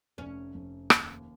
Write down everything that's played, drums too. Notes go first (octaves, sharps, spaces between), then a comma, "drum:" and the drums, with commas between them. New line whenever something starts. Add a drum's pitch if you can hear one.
F1 C#4
F1
D#2, drum: rim click